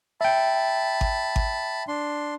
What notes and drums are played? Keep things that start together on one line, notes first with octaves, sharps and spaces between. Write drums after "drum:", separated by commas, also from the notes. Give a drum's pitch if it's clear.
E5 G5 A5 B5
drum: kick G#1
drum: kick G#1
D4 C6